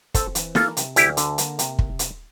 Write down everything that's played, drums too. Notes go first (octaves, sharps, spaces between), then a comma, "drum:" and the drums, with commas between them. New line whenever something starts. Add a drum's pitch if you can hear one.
C4 A4 C5, drum: kick, hi-hat
E3, drum: hi-hat
A#3 F4 A4, drum: snare
C3, drum: hi-hat
D2 E4 G4, drum: hi-hat
D3, drum: hi-hat
A#3, drum: hi-hat
C3, drum: hi-hat
drum: kick
drum: hi-hat